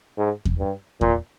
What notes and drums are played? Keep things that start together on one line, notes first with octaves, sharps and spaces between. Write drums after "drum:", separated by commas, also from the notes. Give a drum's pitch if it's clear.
G#2
drum: kick E2
G2
A#2, drum: kick E2